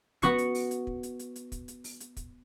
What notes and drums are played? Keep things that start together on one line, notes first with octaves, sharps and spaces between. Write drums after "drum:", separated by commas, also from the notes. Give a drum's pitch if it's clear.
B3 F#4 C#6 C#7, drum: kick, hi-hat
drum: hi-hat
drum: open hi-hat
drum: hi-hat
drum: kick
drum: hi-hat
drum: hi-hat
drum: hi-hat
drum: kick, hi-hat
drum: hi-hat
drum: open hi-hat
drum: hi-hat
drum: kick, hi-hat